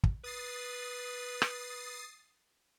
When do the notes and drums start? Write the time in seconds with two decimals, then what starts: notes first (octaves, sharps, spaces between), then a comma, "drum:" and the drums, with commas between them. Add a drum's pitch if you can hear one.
0.03 drum: kick
0.24 B4 D#6 A6 C7
1.42 drum: rim click